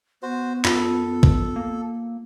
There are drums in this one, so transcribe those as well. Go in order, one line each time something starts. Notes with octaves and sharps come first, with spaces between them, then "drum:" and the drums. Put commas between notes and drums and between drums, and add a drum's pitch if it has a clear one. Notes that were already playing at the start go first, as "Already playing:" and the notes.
B3 F#4 C5
F#2 F4 A4, drum: clap
drum: kick
A#3